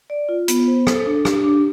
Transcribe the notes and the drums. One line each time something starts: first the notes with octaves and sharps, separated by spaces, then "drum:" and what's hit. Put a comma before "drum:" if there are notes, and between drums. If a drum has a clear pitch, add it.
D5
F4
B3, drum: hi-hat
C5
A4, drum: rim click
D4
G4, drum: rim click
D4